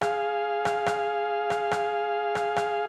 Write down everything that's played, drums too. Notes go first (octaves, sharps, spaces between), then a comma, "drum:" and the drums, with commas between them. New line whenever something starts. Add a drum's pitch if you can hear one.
G#4 F5, drum: rim click
drum: rim click
drum: rim click
drum: rim click
drum: rim click
drum: rim click
drum: rim click